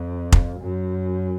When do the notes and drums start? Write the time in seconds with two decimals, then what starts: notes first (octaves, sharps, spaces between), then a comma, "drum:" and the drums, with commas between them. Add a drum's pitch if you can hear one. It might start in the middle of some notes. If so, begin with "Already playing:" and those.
Already playing: F2
0.32 drum: kick F1
0.60 F#2